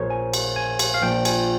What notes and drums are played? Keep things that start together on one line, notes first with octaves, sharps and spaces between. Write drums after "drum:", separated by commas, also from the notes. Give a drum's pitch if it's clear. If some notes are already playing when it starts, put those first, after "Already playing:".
Already playing: A#1 A#2 F3 G#4 A#4 C5 C#5
G#5
drum: cymbal
G#5
drum: cymbal
F5
A#1 A#2 F3 G5
G#5, drum: cymbal